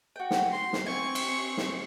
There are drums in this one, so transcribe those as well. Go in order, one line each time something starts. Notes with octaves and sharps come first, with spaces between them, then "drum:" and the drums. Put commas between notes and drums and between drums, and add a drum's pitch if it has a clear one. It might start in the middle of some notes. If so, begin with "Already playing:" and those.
F#4 G5
drum: snare
C6
drum: snare
C4 G#5 C#6
drum: cymbal
drum: snare